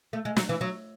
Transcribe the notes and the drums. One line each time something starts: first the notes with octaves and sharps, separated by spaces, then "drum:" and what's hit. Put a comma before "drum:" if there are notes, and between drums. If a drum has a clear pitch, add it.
A3
G#3
F#3, drum: snare
E3
F#3